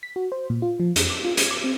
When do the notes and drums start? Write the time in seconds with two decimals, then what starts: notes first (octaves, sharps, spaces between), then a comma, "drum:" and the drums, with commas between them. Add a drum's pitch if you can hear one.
0.03 B6
0.16 F#4
0.32 C5
0.50 A#2
0.62 F4
0.80 F3
0.96 F2, drum: hi-hat
1.10 D6
1.25 F4
1.37 G#6, drum: hi-hat
1.51 D6
1.64 C4